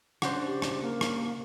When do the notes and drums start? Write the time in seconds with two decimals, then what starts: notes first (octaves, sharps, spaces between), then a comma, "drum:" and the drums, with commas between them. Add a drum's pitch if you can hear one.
0.22 C#3 D4 F#4 C5, drum: rim click
0.45 G4
0.62 drum: rim click
0.82 A#3
1.01 drum: rim click